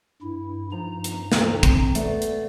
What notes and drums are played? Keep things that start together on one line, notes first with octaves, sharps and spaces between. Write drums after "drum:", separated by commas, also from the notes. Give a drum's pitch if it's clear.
G2 E4
G2 F3 D#4 A#5
drum: hi-hat
D2 D#3 G5, drum: snare
C4, drum: kick, hi-hat
A3 B3 D5, drum: hi-hat
drum: hi-hat